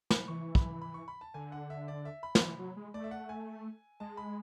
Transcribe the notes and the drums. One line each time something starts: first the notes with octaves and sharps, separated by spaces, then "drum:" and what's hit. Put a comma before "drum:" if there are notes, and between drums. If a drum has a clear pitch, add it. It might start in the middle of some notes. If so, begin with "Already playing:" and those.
B5, drum: snare
E3 C#6
B5, drum: kick
B5
C#6
B5
A5
D3 G#5
F#5
E5
D5
E5
B5
F#3, drum: snare
E3
F#3
G#3
A3 D5
E5
F#5
G#5
G#3 A5
B5